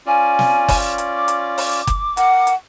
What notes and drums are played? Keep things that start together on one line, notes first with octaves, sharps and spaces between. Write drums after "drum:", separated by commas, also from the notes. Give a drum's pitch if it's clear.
C#4 F4 D5 G#5
drum: snare
drum: kick F#1, open hi-hat
drum: hi-hat
D6
drum: hi-hat
drum: open hi-hat
drum: kick F#1, hi-hat
A#4 F#5, drum: hi-hat
drum: hi-hat